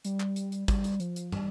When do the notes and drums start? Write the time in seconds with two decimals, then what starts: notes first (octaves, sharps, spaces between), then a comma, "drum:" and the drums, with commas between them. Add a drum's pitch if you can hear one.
0.05 G3, drum: hi-hat
0.20 drum: clap
0.36 drum: hi-hat
0.52 drum: hi-hat
0.68 G3, drum: kick, hi-hat
0.84 drum: hi-hat
1.00 F3, drum: hi-hat
1.16 drum: hi-hat
1.32 G3, drum: tom